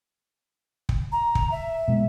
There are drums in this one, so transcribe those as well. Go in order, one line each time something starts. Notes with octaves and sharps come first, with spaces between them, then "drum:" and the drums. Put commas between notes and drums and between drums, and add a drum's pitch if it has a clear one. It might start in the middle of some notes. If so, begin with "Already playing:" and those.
drum: kick
A#5
drum: kick
E5
B2 G#3